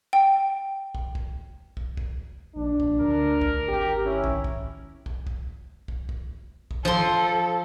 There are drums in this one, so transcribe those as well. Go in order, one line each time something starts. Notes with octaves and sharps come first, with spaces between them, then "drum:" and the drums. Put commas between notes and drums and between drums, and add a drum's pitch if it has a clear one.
G5
drum: kick
drum: kick
drum: kick
drum: kick
A#1 D4
drum: kick
D2 A#4
drum: kick
G#1 G4
C#4 E4
drum: kick
drum: kick
drum: kick
drum: kick
drum: kick
drum: kick
drum: kick
F3 A4 C6